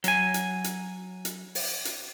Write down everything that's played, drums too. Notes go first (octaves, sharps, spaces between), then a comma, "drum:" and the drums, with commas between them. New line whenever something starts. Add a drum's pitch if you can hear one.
F#3 G#5, drum: hi-hat
drum: hi-hat
drum: hi-hat
drum: hi-hat
drum: open hi-hat
drum: hi-hat